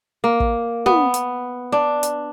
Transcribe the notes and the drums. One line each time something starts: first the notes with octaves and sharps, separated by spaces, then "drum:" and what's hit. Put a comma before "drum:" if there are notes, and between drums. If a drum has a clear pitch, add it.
A#3
drum: kick
B3, drum: tom
drum: hi-hat
D4
drum: hi-hat